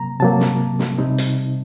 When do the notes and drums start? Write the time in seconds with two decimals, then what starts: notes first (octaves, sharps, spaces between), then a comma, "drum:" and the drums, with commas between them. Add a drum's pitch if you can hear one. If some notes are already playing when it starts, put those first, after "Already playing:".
Already playing: C3 F#3 A#3 A#5
0.20 C3 F#3 A#3 A5
0.40 drum: snare
0.79 drum: snare
0.98 C3 G3 C4 D#4
1.18 drum: hi-hat